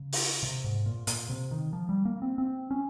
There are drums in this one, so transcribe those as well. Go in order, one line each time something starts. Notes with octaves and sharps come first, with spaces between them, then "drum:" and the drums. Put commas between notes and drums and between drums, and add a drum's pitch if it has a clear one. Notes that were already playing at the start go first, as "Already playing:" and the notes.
Already playing: C#3
drum: open hi-hat
C3
G#2
A#2
A#2, drum: hi-hat
C3
D#3
F3
G3
A#3
C4
C4
C#4